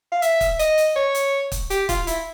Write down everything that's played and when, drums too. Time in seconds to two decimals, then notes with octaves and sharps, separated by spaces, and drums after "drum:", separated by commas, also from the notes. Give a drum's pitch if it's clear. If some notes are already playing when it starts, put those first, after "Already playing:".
0.12 F5
0.22 E5, drum: hi-hat
0.41 drum: kick, hi-hat
0.59 D#5, drum: hi-hat
0.78 drum: hi-hat
0.96 C#5
1.15 drum: hi-hat
1.52 drum: kick, hi-hat
1.70 G4, drum: hi-hat
1.89 F4, drum: kick, hi-hat
2.07 E4, drum: hi-hat